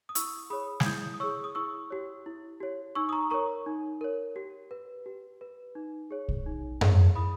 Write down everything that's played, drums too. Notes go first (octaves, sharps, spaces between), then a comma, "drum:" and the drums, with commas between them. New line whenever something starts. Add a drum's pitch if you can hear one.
D#6
E4 C#6 E6, drum: hi-hat
G#4 C#5 B5 D#6
G#6, drum: snare
E4 D#6 G6
D#6
G#4 C#5 C#6 E6
D#6
E4 C#6 E6
G4 C#5
E4
G4 C#5
D#4 C#6 E6
D#6
A#5 C#6
A#4 C#5 A#5 C#6
D#4
A#4 C#5
G4
B4
G4
B4
D#4
G#4 C#5
drum: kick
D#4
G#4 C#5, drum: tom F#2
E4 B5 D#6